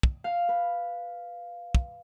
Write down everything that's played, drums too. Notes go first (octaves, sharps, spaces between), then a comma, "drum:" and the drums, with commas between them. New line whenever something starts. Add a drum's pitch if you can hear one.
drum: kick
F5
B4
drum: kick